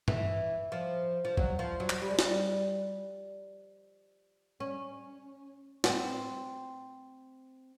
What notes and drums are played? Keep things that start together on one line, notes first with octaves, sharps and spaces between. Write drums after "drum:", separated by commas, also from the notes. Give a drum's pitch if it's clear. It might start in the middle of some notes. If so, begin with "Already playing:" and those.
E3, drum: tom
F3
F3
F#3, drum: kick
F3
F#3
drum: clap
G3
G#3
G3, drum: snare
C#4
B3, drum: snare
C4